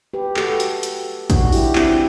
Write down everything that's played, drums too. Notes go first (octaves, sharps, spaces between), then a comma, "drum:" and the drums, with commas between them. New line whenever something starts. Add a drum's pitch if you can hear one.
G4 B4
F#4 A4, drum: clap
drum: hi-hat
drum: hi-hat
D4 F#4, drum: kick, hi-hat
E4 G4, drum: open hi-hat
C4 E4, drum: clap